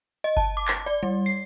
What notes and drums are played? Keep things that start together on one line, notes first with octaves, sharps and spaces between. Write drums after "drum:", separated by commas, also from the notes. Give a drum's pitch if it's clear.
D#5
A5, drum: kick G1
D6
drum: clap
D5
G3
C7